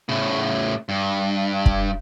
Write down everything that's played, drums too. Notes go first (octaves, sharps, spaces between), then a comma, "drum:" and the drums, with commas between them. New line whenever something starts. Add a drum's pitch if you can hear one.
A2 C#3
G2
drum: kick